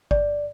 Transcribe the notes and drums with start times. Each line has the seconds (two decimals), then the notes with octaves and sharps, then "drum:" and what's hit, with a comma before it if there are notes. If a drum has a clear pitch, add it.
0.11 D5, drum: kick G#1